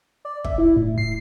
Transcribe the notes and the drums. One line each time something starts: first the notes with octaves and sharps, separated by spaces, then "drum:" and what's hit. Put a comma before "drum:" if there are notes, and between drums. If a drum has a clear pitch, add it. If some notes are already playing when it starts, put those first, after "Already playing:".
D5
E5, drum: kick
E4
A2
C7